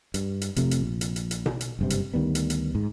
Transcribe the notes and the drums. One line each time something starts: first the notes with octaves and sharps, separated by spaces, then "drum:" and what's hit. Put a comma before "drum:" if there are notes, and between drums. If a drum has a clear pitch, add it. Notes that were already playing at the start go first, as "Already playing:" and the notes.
G2, drum: hi-hat
drum: hi-hat
F1 C3 F3 A3, drum: hi-hat
drum: hi-hat
A#1
drum: hi-hat
drum: hi-hat
drum: hi-hat
drum: tom B2
drum: hi-hat
F#1 G2 C3
drum: hi-hat
D2 D#3 G3 B3
drum: hi-hat
drum: hi-hat
G#2